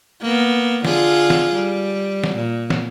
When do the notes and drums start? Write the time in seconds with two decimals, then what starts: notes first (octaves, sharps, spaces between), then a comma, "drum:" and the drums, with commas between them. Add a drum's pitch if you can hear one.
0.21 A#3 B3
0.85 D3 F4 G#4, drum: snare
1.30 drum: snare
1.53 G3
2.24 drum: snare
2.35 A#2
2.70 drum: snare